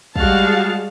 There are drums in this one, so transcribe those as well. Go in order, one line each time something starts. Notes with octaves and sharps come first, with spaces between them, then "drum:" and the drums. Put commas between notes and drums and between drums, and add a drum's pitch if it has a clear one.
G3 G#3 F#4 G#4 F5 A5, drum: kick